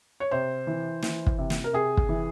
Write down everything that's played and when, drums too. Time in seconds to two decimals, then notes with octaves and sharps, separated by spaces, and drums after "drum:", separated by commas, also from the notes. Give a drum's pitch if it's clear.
0.20 C#5
0.31 C3 C5
0.67 E3
1.02 E3, drum: snare
1.26 drum: kick
1.38 C3
1.50 drum: snare
1.64 A#4
1.73 C3 G#4
1.97 drum: kick
2.09 E3